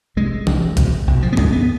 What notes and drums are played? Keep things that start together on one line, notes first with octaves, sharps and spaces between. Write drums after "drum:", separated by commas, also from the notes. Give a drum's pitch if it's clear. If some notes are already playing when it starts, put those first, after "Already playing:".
C2 C3 G#3
C2 C3, drum: tom
C2 B2, drum: kick, hi-hat
C2 B2
F3
B3
D#2 D3 G#3, drum: tom
B3